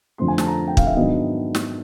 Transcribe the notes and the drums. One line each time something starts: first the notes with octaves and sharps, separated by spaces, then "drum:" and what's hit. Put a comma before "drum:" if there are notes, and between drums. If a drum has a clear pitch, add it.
F2 D3 F3 A3 C4 C6
G#5
A5, drum: snare
A#5
G5
F5, drum: kick
E5
G#2 D#3 F#3 B3 D4 D#5
drum: snare